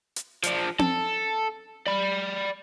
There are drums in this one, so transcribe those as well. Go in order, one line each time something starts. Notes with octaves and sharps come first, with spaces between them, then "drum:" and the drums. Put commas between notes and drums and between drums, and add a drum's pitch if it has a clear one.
drum: hi-hat
F3 D4, drum: hi-hat
A4, drum: tom C4
D5 B5